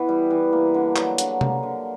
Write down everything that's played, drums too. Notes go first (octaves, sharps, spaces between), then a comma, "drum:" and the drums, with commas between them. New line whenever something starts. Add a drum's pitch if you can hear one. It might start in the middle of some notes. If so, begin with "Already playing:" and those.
Already playing: E3 B3
G3
E3
A#3
D3
F#3, drum: clap
D3, drum: hi-hat
A#3, drum: tom C3
D3